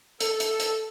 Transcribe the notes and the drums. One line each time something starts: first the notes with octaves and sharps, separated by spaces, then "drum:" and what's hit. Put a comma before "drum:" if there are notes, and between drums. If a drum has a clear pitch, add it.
A4, drum: hi-hat
drum: hi-hat
drum: hi-hat